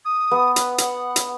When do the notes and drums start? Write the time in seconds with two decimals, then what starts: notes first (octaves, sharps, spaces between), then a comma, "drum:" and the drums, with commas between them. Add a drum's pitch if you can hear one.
0.05 D#6
0.31 B3
0.56 B4, drum: hi-hat
0.78 F#5, drum: hi-hat
1.16 drum: hi-hat